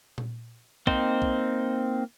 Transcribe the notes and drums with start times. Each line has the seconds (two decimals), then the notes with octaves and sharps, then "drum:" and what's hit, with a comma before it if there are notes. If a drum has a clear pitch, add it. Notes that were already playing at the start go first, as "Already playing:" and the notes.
0.18 drum: tom A#2
0.87 A#3 C4 D#4 C5, drum: kick B1
1.22 drum: kick B1